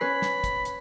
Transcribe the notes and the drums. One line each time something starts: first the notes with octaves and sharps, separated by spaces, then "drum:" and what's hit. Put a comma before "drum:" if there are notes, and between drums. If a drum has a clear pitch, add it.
C#4 B4 B5 C7
drum: snare
drum: kick, hi-hat
drum: hi-hat